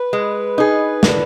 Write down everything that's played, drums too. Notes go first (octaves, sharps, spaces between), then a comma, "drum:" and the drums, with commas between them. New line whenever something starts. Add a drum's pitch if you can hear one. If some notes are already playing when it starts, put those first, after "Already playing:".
Already playing: B4
G#3
D#4 G#4
D3, drum: snare